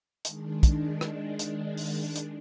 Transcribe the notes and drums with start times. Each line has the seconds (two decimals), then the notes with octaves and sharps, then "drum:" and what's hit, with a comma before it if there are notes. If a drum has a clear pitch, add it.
0.25 D#3 G#3 D4, drum: hi-hat
0.63 drum: kick, hi-hat
1.01 drum: rim click
1.39 drum: hi-hat
1.77 drum: open hi-hat
2.16 drum: hi-hat